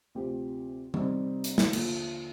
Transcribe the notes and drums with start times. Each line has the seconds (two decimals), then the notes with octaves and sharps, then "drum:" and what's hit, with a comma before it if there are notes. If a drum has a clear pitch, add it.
0.15 D2 C3 F3 C4 G4
0.94 C3 G3 C4 D#4, drum: tom E3
1.44 drum: hi-hat
1.58 drum: snare
1.73 D#2 D3 F3, drum: cymbal